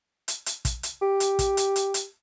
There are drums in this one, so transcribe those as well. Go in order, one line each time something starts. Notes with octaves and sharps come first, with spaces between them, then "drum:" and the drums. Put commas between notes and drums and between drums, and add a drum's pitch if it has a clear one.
drum: hi-hat
drum: hi-hat
drum: kick, hi-hat
drum: hi-hat
G4
drum: hi-hat
drum: kick, hi-hat
drum: hi-hat
drum: hi-hat
drum: hi-hat